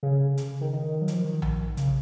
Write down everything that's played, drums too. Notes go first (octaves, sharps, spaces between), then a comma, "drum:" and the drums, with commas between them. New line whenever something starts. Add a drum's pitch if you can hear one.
C#3
drum: hi-hat
D#3
D#3
F#3
F3, drum: hi-hat
D#3
drum: tom A#1
C#3, drum: hi-hat